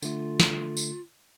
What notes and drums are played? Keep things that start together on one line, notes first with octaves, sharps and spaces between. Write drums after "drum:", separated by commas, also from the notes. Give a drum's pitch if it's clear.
D3 A3 F4, drum: tambourine
drum: snare
drum: tambourine